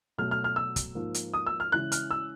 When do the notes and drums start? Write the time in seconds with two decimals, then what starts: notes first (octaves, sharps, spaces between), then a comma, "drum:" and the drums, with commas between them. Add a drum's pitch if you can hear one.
0.18 B2 F#3 A3 F6
0.31 F6
0.44 F6
0.56 E6
0.76 drum: kick, hi-hat
0.95 G#2 F3 A#3
1.14 drum: hi-hat
1.34 D#6
1.46 E6
1.60 F6
1.72 C#3 E3 G#3 F#6
1.92 F6, drum: hi-hat
2.11 E6